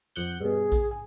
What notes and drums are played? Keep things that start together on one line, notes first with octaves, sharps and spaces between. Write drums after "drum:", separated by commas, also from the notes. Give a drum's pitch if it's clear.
F2 F#5 G6, drum: hi-hat
G2 B2 G#4
drum: kick A#1, hi-hat
G#4